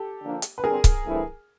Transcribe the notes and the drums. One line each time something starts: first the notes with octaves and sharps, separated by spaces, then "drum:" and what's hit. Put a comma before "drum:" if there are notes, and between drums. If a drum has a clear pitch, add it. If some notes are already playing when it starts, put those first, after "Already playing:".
Already playing: G4 A4
D3 F3 A#3 D4
drum: hi-hat
B4
D3 G3 C4 G#4 A#4
drum: kick C#1, hi-hat
G2 E3 A3 C4 E4